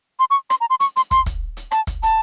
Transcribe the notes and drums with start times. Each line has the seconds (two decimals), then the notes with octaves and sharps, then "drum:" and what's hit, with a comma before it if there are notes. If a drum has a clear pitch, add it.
0.19 C6
0.31 C#6
0.50 C6, drum: rim click
0.61 A#5
0.70 C6
0.80 C#6, drum: hi-hat
0.96 C6, drum: hi-hat
1.11 C6, drum: kick, hi-hat
1.26 drum: kick, hi-hat
1.57 drum: hi-hat
1.71 A5, drum: rim click
1.87 drum: kick, hi-hat
2.03 A5, drum: hi-hat